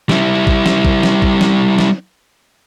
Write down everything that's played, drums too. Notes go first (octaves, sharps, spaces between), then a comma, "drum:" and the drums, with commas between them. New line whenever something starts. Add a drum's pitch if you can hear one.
G3 E4, drum: snare
drum: kick A1
drum: snare
drum: kick A1
drum: snare
drum: kick A1
drum: snare
drum: snare